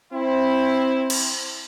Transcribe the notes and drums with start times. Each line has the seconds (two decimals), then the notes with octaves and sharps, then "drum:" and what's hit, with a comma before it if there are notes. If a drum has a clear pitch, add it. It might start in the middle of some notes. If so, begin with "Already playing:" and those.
0.13 C4 E4
1.10 drum: cymbal